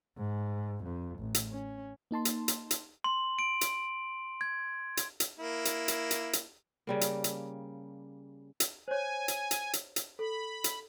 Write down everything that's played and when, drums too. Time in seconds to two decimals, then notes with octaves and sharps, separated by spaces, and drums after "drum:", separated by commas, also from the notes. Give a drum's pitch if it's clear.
0.18 G#2
0.84 F2
1.19 A1
1.35 drum: hi-hat
1.51 C#4
2.11 A#3 D#4 A5 C6
2.25 drum: hi-hat
2.48 drum: hi-hat
2.71 drum: hi-hat
3.04 C6 F#7
3.39 D7
3.61 drum: hi-hat
4.41 G#6
4.97 drum: hi-hat
5.20 drum: hi-hat
5.39 A#3 E4
5.65 drum: hi-hat
5.88 drum: hi-hat
6.11 drum: hi-hat
6.33 drum: hi-hat
6.87 C#3 G3 A#3
7.01 drum: hi-hat
7.24 drum: hi-hat
8.60 drum: hi-hat
8.88 C5 C#5 G#5
9.28 drum: hi-hat
9.51 drum: hi-hat
9.73 drum: hi-hat
9.96 drum: hi-hat
10.19 A4 B5
10.64 drum: hi-hat